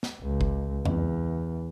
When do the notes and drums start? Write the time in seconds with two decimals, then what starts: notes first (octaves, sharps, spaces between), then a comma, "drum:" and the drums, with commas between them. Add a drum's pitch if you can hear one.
0.03 drum: snare
0.22 C#2
0.41 drum: kick G1
0.85 E2, drum: tom F2